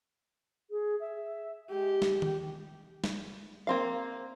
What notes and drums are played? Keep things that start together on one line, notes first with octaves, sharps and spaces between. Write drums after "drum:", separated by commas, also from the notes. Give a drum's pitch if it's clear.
G#4
E5
G#3 G4
drum: snare
drum: tom D#3
drum: snare
A#3 C4 F5